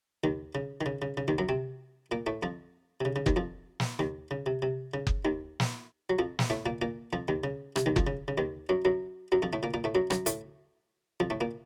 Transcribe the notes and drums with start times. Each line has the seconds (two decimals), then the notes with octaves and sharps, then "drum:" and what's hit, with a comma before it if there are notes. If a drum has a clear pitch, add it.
0.24 D#2 D#3
0.55 C#3
0.81 D#3
0.86 C#3
1.02 C#3
1.17 C#3
1.28 D#2 D#3
1.38 F#2 F#3
1.49 C3 C4
2.11 A#2 A#3
2.27 A2 A3
2.43 F2 F3
3.01 C3
3.05 C#3
3.16 C#3
3.26 D#2 D#3, drum: kick F#1
3.36 F2 F3
3.80 drum: snare
3.99 D#2 D#3
4.31 C#3
4.46 C3
4.62 C3
4.94 C#3
5.07 drum: kick F#1
5.25 D#2 D#3
5.60 drum: snare
6.10 F#3
6.19 F2 F3
6.39 drum: snare
6.50 A2 A3
6.66 A#2 A#3
6.82 A#2 A#3
7.13 F2 F3
7.28 D#2 D#3
7.44 C#3
7.76 C3, drum: rim click
7.86 D#2 D#3
7.96 F2 F3, drum: kick F#1
8.07 C#3
8.28 C#3
8.38 D#2 D#3
8.69 F#2 F#3
8.85 F#2 F#3
9.32 F#2 F#3
9.42 F2 F3
9.53 A2 A3
9.63 A#2 A#3
9.74 A#2 A#3
9.84 A2 A3
9.95 F#2 F#3
10.10 F#2 F#3, drum: rim click
10.26 A2 A3, drum: hi-hat
11.20 F2 F3
11.30 A2 A3
11.41 A#2 A#3